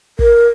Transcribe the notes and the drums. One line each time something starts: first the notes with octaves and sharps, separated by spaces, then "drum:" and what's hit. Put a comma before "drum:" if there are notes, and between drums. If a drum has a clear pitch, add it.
A#4, drum: kick